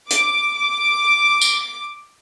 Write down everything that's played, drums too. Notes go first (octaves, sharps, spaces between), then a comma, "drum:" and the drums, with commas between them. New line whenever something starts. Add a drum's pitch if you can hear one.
D6, drum: hi-hat
D6
drum: tambourine